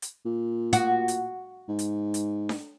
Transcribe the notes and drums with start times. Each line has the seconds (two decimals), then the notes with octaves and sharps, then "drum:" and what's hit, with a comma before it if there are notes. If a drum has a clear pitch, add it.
0.02 drum: hi-hat
0.26 A#2
0.73 F#4, drum: hi-hat
1.08 drum: hi-hat
1.69 G#2
1.79 drum: hi-hat
2.14 drum: hi-hat
2.49 drum: snare D4